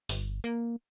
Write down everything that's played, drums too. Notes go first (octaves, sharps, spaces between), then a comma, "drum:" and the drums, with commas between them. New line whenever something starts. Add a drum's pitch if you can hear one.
G1, drum: open hi-hat
A#3